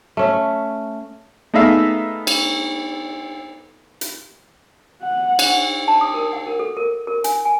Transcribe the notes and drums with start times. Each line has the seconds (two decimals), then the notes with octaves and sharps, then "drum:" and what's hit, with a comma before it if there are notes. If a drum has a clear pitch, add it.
0.17 A3 C#4
1.54 A3 B3 D#4 G#4 E5 F5
2.27 drum: cymbal
4.01 drum: hi-hat
5.03 F#5
5.39 drum: cymbal
5.88 A5
6.01 D#6
6.14 A#4
6.33 F#5
6.47 A#4
6.59 A4
6.77 A#4
7.07 A#4
7.24 G#5, drum: hi-hat
7.45 G#5